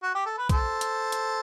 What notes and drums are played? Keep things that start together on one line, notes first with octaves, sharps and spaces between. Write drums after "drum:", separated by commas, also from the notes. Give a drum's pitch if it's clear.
F#4
G4
A4
B4
A4 C5, drum: kick, hi-hat
drum: hi-hat
drum: hi-hat